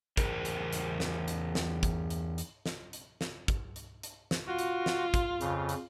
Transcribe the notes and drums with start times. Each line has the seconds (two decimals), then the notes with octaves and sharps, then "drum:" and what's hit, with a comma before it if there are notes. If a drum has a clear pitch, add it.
0.17 E2 A#4 C5, drum: kick, hi-hat
0.45 drum: hi-hat
0.73 drum: hi-hat
1.00 drum: snare
1.28 drum: hi-hat
1.55 drum: snare
1.83 drum: kick, hi-hat
2.10 drum: hi-hat
2.38 drum: hi-hat
2.66 drum: snare
2.93 drum: hi-hat
3.21 drum: snare
3.48 drum: kick, hi-hat
3.76 drum: hi-hat
4.03 drum: hi-hat
4.31 drum: snare
4.47 F4 F#4
4.59 drum: hi-hat
4.86 drum: snare
5.14 drum: kick, hi-hat
5.41 F2 C#3, drum: hi-hat
5.69 drum: hi-hat